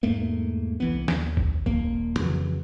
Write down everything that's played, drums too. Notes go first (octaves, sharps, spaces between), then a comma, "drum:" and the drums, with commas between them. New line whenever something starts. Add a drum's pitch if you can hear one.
E2 G#2 A3 A#3
C2 E3 B3
D#2, drum: snare
drum: kick G#1
D#1 A#3, drum: kick G#1
F2 C#3 E3 F#3